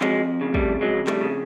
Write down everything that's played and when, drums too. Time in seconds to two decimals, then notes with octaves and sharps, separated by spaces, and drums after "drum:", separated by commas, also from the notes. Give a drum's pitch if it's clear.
0.01 F2 F#3 G#3, drum: clap
0.41 C#3
0.54 G3 A3, drum: kick
0.81 F2 F#3 G#3
1.07 G3 A3, drum: clap
1.21 C#3